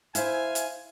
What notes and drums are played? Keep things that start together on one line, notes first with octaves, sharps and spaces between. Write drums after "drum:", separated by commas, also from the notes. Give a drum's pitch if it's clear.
E4 C5 E5 F5 G#5, drum: hi-hat
drum: hi-hat